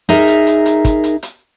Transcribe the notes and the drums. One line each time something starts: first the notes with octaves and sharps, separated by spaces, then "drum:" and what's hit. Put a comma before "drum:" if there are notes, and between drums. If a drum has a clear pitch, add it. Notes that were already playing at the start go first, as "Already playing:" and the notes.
D#4 G#4 A#4 E5, drum: hi-hat
drum: hi-hat
drum: hi-hat
drum: hi-hat
drum: kick, hi-hat
drum: hi-hat
drum: hi-hat